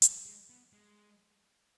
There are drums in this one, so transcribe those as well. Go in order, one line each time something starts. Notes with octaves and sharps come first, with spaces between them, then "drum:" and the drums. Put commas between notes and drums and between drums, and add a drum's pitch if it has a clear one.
G3, drum: hi-hat
G#3
B3
G#3